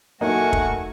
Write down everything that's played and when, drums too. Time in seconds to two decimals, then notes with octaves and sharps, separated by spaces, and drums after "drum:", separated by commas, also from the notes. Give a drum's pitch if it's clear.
0.21 F#3 A3 A#3 D#4 F#4 F#5 G#5 C#6
0.53 drum: kick